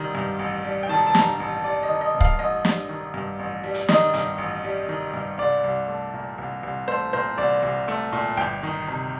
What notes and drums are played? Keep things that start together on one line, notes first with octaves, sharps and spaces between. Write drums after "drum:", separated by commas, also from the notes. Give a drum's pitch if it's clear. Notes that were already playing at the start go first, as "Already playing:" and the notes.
Already playing: A1 D#3 G3
G2
A1
G3
G5
D#3 A5
A5
G2 A#5, drum: snare
A1
G3 D5
D#5
D#3
D#5
G2
F5, drum: kick
A1 D#5
G3, drum: snare
D#3
G2
A1
G3
drum: hi-hat
D#3 D#5, drum: snare
G2, drum: hi-hat
A1
G3
D#3
G2
C2 D5
C2
A3
A#2
C2
C2
A3 C5
A#2 C5
C2 D5
C2
A3
A#2
G1 G5
D#3
C3